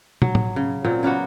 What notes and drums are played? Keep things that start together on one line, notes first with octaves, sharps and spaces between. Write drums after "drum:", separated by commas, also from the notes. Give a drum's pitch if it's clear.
F#3, drum: tom
drum: tom A2
C#3
A#2 F#3 C4
C#3 A#3 B3 F#4